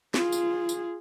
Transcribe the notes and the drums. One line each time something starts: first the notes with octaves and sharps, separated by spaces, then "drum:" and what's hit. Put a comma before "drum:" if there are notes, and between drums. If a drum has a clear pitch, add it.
F4 G#4, drum: snare
drum: tambourine
drum: tambourine